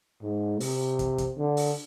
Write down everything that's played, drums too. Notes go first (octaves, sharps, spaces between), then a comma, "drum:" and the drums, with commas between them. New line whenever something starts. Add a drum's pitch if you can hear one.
G#2
C3, drum: open hi-hat
drum: kick, hi-hat
drum: kick, hi-hat
D3
drum: open hi-hat